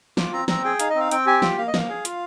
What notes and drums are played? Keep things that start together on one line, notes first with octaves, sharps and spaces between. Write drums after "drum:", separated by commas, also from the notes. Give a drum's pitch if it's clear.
F4 D6, drum: snare
C4 A#5
C4 A#5, drum: snare
G#4 G5
D#4 F5, drum: hi-hat
D#5
C4 F5
C4 G5, drum: hi-hat
G4 G#5
F4 G5, drum: snare
A#3 F5
D#5
A#3 F5, drum: snare
G#4
F4, drum: hi-hat